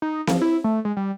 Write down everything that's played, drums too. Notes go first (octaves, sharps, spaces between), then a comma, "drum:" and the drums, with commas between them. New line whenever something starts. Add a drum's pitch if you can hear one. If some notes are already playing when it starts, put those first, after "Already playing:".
D#4
F3, drum: snare C4
E4
A3
G#3
G3